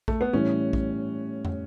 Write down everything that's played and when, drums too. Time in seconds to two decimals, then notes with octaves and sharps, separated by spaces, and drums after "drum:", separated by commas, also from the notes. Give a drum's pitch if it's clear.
0.08 A3, drum: kick A#1
0.21 B3
0.33 A2 E3 G3 C#4
0.73 drum: kick A#1
1.45 drum: tom